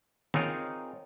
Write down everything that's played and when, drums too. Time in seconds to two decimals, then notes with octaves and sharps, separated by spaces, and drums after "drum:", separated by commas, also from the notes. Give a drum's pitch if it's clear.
0.34 C4 D#4 F4 G#4 A#4 C#5, drum: snare